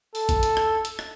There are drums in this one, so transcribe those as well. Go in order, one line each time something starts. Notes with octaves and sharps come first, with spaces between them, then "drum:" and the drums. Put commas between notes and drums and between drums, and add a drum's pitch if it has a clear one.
A4, drum: open hi-hat
drum: kick, hi-hat
drum: hi-hat
drum: rim click
drum: hi-hat
drum: rim click